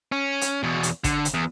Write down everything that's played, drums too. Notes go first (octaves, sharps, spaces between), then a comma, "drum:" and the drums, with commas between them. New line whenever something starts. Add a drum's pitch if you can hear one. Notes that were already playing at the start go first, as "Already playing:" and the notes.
C#4
drum: hi-hat
E2 B2
drum: hi-hat
D3, drum: kick, hi-hat
drum: hi-hat
E2